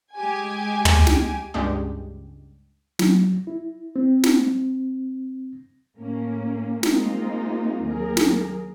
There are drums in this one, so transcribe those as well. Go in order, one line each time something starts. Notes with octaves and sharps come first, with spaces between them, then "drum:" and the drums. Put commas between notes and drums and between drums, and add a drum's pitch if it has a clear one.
G#3 G4 G#5
drum: tom
drum: snare
C#2 G2 G#3 D4 G4
F#3, drum: snare
E4
C4
drum: snare
A2 A#3 C#4
G#3 A#3 C4 D#4 F4, drum: snare
D#2 F#3 G#4 A#4
drum: snare